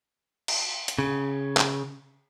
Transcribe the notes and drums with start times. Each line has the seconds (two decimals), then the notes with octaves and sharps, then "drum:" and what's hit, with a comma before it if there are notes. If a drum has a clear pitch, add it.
0.48 drum: cymbal
0.88 drum: hi-hat
0.99 C#3
1.57 drum: clap